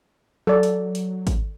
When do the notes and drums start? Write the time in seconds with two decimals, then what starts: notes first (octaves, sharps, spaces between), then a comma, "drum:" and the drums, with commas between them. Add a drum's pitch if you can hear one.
0.47 F#3 A4 D5
0.63 drum: hi-hat
0.95 drum: hi-hat
1.27 drum: kick G#1, hi-hat